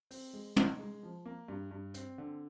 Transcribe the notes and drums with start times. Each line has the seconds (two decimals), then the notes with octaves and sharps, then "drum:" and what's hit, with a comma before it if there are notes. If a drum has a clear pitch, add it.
0.11 C4, drum: open hi-hat
0.33 G#3
0.56 D#4, drum: tom
0.79 G#3
1.03 F3
1.26 A#3
1.48 G2
1.71 G2
1.94 C4, drum: hi-hat
2.18 D3